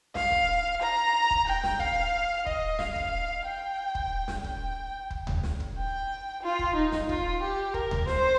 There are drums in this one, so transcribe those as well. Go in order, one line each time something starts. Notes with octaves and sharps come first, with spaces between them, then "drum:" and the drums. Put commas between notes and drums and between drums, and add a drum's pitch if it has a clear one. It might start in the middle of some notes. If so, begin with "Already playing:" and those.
F5, drum: snare
drum: kick
A#5
drum: kick
G5
drum: snare
F5, drum: kick
D#5, drum: kick
F5, drum: snare
drum: kick
G5
drum: kick
drum: snare
G5, drum: kick
drum: kick
drum: tom D2
drum: snare
drum: kick
G5
F4
drum: kick
D#4
drum: snare
F4, drum: kick
G4
A#4, drum: kick
drum: tom D2
C5, drum: snare